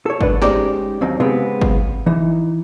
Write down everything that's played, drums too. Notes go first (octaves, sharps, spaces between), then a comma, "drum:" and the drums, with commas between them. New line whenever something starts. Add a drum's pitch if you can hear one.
A4 C#5
G#2 D#3 D4 B4, drum: kick
G#3 C#4 D#4 G4 C5 D5, drum: snare
D#2 F#3 C4 C#4 D#4
C#3 G#3 B3 C4 G4
drum: kick
E3 D#4